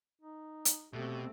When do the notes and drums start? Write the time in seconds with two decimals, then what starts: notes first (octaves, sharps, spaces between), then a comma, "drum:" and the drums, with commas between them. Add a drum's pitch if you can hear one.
0.22 D#4
0.65 drum: hi-hat
0.93 B2 A3 C4 G4